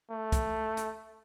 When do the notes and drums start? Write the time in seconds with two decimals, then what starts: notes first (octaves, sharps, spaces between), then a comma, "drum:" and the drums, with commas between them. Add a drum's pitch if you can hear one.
0.10 A3
0.32 drum: kick, hi-hat
0.77 drum: hi-hat